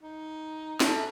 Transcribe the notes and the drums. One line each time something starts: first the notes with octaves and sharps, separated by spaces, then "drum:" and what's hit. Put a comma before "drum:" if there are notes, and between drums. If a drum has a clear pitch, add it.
D#4
G#2 A3 C#4, drum: snare